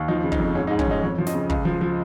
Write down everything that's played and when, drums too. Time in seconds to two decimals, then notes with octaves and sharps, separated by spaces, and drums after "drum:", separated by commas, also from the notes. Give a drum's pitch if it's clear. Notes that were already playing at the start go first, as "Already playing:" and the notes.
Already playing: D#2
0.08 F3 D#4
0.23 C#3
0.32 D#4, drum: kick
0.39 F2
0.55 G#2 C#4
0.67 D#4
0.71 G#2
0.79 C#4, drum: kick
0.87 F3 D#4
1.03 F2 C#5
1.18 F3
1.27 D#5, drum: snare
1.34 C#3
1.50 C#2, drum: kick
1.65 F3
1.81 F3